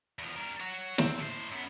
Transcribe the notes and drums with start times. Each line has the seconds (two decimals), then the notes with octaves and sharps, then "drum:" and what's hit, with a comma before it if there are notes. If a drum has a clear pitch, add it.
0.19 E2 F3
0.36 G3 A#4
0.60 F#4 C#5
0.98 C4, drum: snare
1.19 A2 C5
1.51 F#2 B3